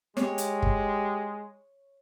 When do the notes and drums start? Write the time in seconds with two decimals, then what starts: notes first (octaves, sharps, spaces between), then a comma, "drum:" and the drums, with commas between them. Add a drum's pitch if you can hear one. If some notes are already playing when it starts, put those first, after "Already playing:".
0.17 G#3 G4 C#5, drum: snare
0.38 drum: hi-hat
0.62 drum: kick